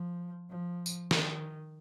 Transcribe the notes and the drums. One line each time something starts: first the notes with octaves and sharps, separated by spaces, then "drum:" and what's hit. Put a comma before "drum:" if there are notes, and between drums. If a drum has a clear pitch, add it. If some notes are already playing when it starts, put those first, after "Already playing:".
Already playing: F3
F3
drum: tambourine
D#3, drum: snare